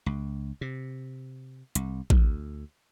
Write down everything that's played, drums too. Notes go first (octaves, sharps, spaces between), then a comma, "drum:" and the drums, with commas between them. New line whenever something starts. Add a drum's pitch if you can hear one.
C#2
C3
C2, drum: hi-hat
D2, drum: kick A1